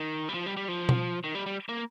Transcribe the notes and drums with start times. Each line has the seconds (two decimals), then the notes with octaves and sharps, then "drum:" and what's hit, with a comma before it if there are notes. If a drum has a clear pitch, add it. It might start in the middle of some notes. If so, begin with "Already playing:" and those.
Already playing: D#3
0.29 G3
0.34 F3
0.46 G3
0.57 G3
0.68 F3
0.89 drum: tom B2
1.24 D#3
1.35 G3
1.46 G3
1.69 A#3